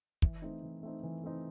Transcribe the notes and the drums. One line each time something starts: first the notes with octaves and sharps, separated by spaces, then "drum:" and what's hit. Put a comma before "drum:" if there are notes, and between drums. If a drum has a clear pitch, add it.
E3, drum: kick
A3 C4 D#4
E3
A3 C4 D#4
E3
A3 C4 D#4